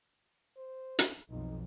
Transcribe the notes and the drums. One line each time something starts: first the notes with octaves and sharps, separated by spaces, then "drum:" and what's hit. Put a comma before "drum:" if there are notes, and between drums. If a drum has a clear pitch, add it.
C5
drum: hi-hat
B1 F2 D#4